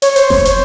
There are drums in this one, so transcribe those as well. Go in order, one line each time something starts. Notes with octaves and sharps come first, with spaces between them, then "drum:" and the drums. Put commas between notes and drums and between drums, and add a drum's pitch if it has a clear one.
C#5, drum: hi-hat
C5, drum: hi-hat
C#5, drum: snare F1
C5, drum: hi-hat